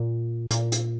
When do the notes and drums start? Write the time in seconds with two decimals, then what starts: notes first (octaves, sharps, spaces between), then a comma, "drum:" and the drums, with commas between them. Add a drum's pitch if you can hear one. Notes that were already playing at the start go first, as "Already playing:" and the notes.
Already playing: A#2
0.51 A#2, drum: hi-hat
0.72 drum: hi-hat